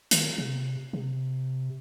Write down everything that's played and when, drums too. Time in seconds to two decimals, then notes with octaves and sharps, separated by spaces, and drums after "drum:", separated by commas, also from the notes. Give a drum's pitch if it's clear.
0.11 D#3, drum: hi-hat
0.38 C3
0.93 C3